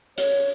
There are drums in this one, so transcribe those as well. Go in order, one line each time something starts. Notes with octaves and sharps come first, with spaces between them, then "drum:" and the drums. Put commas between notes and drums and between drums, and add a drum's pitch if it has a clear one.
C#5, drum: hi-hat